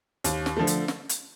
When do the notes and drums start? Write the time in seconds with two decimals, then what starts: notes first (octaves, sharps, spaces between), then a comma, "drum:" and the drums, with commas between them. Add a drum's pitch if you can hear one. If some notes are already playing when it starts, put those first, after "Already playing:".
0.24 D#2, drum: hi-hat
0.46 drum: snare
0.57 D3 F3 A3
0.67 drum: hi-hat
0.88 drum: snare
1.09 drum: hi-hat